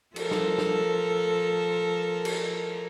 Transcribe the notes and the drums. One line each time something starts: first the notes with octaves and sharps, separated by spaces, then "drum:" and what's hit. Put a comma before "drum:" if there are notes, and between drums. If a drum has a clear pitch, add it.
F3 A4 A#4, drum: cymbal
drum: snare
drum: snare
drum: cymbal